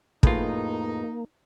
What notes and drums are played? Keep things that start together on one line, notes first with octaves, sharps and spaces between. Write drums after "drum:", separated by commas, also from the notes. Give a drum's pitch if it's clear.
F2 A2 A#3 D#4 F4 G#4 B4, drum: kick